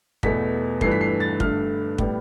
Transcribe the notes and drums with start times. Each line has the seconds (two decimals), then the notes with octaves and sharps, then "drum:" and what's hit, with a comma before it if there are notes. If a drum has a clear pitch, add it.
0.23 E2 B2 A3 B6, drum: kick
0.81 G2 E3 A3 C7, drum: kick
0.91 B6
1.01 C7
1.20 A6
1.40 G2 D3 A3 F6, drum: kick
1.98 A2 G3 B3, drum: kick